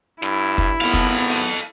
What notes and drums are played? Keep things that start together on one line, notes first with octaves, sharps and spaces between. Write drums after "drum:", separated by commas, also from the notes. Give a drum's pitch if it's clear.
G2 E4, drum: snare
drum: kick
G#1 B3 A4 F5
drum: kick, hi-hat
drum: open hi-hat